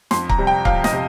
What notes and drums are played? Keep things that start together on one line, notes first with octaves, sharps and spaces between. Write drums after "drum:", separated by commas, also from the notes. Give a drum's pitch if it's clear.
F2 C6, drum: snare
A#5, drum: kick C#1
C3 G3
G5
F2 F5, drum: kick C#1
D#5, drum: snare
C3